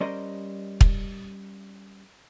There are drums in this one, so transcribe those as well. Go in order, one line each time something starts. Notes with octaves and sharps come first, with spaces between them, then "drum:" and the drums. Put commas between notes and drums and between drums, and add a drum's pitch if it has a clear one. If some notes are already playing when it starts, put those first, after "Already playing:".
G3 C#4 A#4 C5 D5 D#5
drum: kick